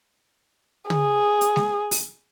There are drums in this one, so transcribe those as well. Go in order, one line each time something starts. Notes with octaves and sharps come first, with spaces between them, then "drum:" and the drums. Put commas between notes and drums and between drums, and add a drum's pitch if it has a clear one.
G#4, drum: tom
drum: hi-hat
drum: snare G#3
drum: open hi-hat